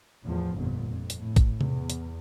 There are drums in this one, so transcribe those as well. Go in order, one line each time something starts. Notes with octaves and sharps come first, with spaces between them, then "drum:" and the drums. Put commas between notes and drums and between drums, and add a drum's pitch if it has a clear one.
E2 A2 F3
G1 F2 A#2
F2
drum: hi-hat
A2
drum: kick, hi-hat
E2, drum: tom C3
drum: hi-hat